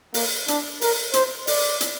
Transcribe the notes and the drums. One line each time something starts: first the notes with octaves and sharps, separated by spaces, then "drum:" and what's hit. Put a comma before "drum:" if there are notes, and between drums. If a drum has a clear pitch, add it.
A#3, drum: open hi-hat
D4, drum: hi-hat
A#4, drum: open hi-hat
C5, drum: hi-hat
D5, drum: open hi-hat
drum: hi-hat